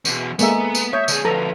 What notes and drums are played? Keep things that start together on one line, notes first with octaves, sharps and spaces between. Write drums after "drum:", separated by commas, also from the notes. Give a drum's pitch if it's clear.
E2 B2, drum: tambourine
G#3 A#3 B3 A4 E5 G#5 A#5, drum: tambourine
drum: tambourine
C#5 E5 D#6 G6
D3 G#4, drum: tambourine
D3 F3 A4 B4 A#5 F7